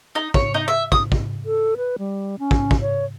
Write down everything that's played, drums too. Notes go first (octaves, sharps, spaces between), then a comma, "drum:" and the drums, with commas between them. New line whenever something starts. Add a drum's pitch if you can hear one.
D#4
C#5, drum: kick
D#4
E5
D#6, drum: kick
drum: kick
A4
B4
G3
C#4
drum: kick
drum: kick
C#5